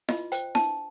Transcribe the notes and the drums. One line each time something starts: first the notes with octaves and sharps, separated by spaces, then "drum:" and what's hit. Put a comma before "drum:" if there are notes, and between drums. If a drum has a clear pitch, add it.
F4 D#5, drum: snare E4
C5 G5, drum: hi-hat
D4 A5, drum: snare E4